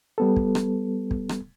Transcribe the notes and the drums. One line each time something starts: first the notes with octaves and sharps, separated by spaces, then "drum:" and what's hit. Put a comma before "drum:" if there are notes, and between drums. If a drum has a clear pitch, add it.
G3 B3 A4
drum: kick
drum: rim click
drum: kick
drum: rim click